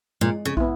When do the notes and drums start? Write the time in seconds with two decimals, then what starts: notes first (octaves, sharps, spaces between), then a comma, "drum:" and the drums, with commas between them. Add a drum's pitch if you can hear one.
0.21 A#2 G#3
0.45 C#3
0.57 B3 E4, drum: kick